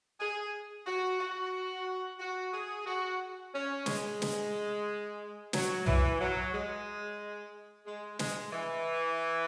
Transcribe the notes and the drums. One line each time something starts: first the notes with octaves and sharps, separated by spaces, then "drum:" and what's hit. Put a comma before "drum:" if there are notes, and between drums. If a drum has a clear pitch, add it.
G#4
F#4
F#4
F#4
G#4
F#4
C#4
G#3, drum: snare
drum: snare
F#3, drum: snare
E3, drum: tom
F#3
G#3
G#3
G#3, drum: snare
E3